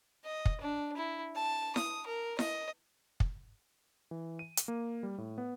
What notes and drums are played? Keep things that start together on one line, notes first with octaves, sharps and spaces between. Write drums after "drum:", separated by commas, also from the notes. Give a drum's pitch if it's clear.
D#5
drum: kick
D4
E4
A5
D#6, drum: snare E4
A#4
D#5, drum: snare E4
drum: kick
E3
D#7
drum: hi-hat
A#3
G3
A2
B3